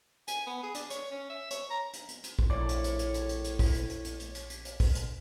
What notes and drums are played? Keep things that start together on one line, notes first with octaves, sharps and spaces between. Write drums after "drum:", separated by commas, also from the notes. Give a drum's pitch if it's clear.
G#5, drum: hi-hat
B3
G#4
D4, drum: hi-hat
C#5, drum: hi-hat
C#4
E5
C#5, drum: hi-hat
A#5
drum: hi-hat
drum: hi-hat
drum: hi-hat
drum: kick
A#1 A2 C#5 D5
drum: hi-hat
drum: hi-hat
drum: hi-hat
drum: hi-hat
drum: hi-hat
drum: hi-hat
drum: kick, open hi-hat
drum: hi-hat
drum: hi-hat
drum: hi-hat
drum: hi-hat
drum: hi-hat
drum: hi-hat
drum: hi-hat
drum: kick, open hi-hat
drum: hi-hat